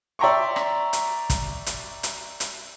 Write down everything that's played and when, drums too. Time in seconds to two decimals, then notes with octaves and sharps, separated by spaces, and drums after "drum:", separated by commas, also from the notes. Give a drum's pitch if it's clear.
0.19 D5 E5 G5 A#5 C6 C#6
0.56 drum: rim click
0.93 drum: hi-hat
1.30 drum: kick, hi-hat
1.66 drum: hi-hat
2.03 drum: hi-hat
2.40 drum: hi-hat